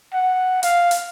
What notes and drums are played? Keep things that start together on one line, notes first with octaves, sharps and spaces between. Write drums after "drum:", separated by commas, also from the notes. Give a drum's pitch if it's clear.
F#5
F5, drum: hi-hat
drum: hi-hat